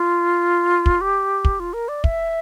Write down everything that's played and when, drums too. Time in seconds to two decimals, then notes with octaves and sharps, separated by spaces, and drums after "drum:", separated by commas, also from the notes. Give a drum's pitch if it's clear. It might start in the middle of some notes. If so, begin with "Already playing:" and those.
Already playing: F4
0.86 drum: kick
1.01 G4
1.45 drum: kick
1.60 F4
1.73 A#4
1.88 D5
2.04 E5, drum: kick